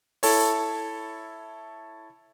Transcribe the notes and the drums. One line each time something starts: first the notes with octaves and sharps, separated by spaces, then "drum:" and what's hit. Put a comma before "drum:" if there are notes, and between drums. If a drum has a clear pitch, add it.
E4 A4 C#5, drum: open hi-hat